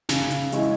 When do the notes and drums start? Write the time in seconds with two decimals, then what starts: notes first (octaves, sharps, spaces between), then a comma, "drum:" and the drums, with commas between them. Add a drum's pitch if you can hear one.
0.09 C#3, drum: snare
0.31 drum: hi-hat
0.52 G#3 C#4 E4, drum: hi-hat